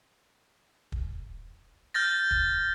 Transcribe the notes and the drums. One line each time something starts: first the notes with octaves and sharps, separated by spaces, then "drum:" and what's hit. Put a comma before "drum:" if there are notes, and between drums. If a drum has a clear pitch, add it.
drum: kick
F6 G6 A6 A#6
drum: kick